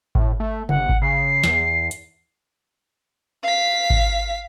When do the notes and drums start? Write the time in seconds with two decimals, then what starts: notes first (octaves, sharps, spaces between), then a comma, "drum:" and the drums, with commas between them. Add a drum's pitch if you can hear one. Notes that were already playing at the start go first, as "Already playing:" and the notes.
0.15 A2, drum: kick G#1
0.40 A3
0.69 G1 F#5, drum: tom C3
0.89 drum: kick G#1
1.02 C#3 C7
1.44 E2, drum: snare
1.91 drum: hi-hat
3.43 F5 B6
3.90 drum: kick G#1